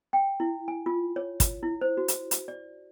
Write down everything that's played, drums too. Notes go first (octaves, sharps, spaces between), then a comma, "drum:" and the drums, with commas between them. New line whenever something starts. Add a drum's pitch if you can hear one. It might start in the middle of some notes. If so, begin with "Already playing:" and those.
G5
E4
G#5
F4
C#5
drum: kick, hi-hat
E4
C5
F#4
drum: hi-hat
drum: hi-hat
D5